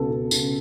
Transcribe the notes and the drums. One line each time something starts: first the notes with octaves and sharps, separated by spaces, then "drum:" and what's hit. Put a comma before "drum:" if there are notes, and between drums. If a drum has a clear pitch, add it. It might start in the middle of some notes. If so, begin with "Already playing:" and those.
Already playing: C#2 B2 A4
C#2
C#2, drum: tambourine